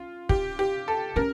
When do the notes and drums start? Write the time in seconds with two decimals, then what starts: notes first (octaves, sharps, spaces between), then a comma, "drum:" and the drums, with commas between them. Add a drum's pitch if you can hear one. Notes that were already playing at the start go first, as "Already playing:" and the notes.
Already playing: C#4 F4
0.29 G4, drum: kick
0.59 G4
0.88 A4
1.16 C#4 A#4